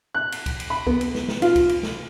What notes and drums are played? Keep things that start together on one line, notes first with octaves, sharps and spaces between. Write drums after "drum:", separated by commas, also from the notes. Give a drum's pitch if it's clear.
F#6
drum: cymbal
drum: kick C#2, cymbal
drum: cymbal
B5
B3, drum: kick C#2
drum: cymbal
drum: snare
drum: snare
F4, drum: cymbal
drum: kick C#2, cymbal
drum: cymbal
drum: snare